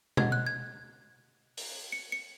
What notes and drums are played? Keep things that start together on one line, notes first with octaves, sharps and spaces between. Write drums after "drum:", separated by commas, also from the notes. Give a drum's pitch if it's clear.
C5 D#5 F#5 G#6, drum: tom B2
F#6
G#6
drum: open hi-hat
C#7
C#7